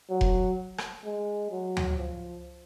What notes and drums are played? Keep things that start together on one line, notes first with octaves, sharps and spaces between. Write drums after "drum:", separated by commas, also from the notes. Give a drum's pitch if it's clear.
F#3
drum: kick F1
drum: rim click
G#3
F#3
drum: tom D2
F3